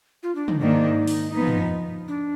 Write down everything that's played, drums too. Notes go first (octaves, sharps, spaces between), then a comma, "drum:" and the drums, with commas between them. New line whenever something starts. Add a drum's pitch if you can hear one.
F4
D4
D#4, drum: tom
G#2 D#3 A#3 D4 D#4
drum: open hi-hat
F3 B3 D#4
drum: tom
D4